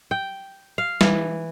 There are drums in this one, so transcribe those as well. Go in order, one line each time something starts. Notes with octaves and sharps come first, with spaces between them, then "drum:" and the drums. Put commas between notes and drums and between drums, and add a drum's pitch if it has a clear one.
G5
F5
E3, drum: snare